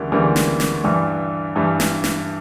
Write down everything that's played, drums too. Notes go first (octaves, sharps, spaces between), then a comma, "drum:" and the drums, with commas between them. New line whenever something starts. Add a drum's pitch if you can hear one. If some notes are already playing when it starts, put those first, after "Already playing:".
Already playing: D2 C#3 E3 G3 A#3
D2 C#3 E3 G3 A#3
drum: snare
drum: snare
G2 E3 G3
G2 E3 G3
drum: snare
drum: snare